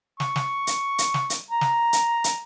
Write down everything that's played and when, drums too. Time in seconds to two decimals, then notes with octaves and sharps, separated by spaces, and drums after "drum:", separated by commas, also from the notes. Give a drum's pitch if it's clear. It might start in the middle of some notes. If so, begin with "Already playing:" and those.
0.20 C#6, drum: snare
0.36 drum: snare
0.67 drum: hi-hat
0.98 drum: hi-hat
1.14 drum: snare
1.30 drum: hi-hat
1.50 A#5
1.61 drum: snare
1.93 drum: hi-hat
2.24 drum: hi-hat